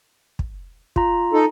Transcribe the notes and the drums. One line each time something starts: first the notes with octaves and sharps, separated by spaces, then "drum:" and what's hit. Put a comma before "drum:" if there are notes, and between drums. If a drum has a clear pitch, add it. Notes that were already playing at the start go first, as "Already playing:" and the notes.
drum: kick
F4 A#5, drum: kick
D#4 A4